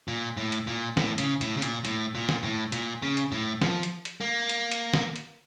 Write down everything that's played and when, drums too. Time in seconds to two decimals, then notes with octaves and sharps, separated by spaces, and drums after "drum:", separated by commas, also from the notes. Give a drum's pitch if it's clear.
0.08 A#2
0.37 A2
0.52 drum: hi-hat
0.67 A#2
0.97 A2, drum: snare
1.18 C#3, drum: hi-hat
1.41 A2, drum: hi-hat
1.57 C#3
1.62 A#2, drum: hi-hat
1.85 A2, drum: hi-hat
2.15 A#2
2.29 drum: snare
2.43 A2
2.72 A#2, drum: hi-hat
3.02 C#3
3.17 drum: hi-hat
3.32 A2
3.62 F3, drum: snare
3.83 drum: hi-hat
4.05 drum: hi-hat
4.21 A#3
4.49 drum: hi-hat
4.71 drum: hi-hat
4.94 drum: snare
5.16 drum: hi-hat